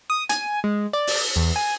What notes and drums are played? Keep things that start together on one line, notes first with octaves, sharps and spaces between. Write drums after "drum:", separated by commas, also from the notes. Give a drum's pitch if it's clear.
D#6
G#5, drum: hi-hat
G#3
D5
drum: open hi-hat
E2
G#5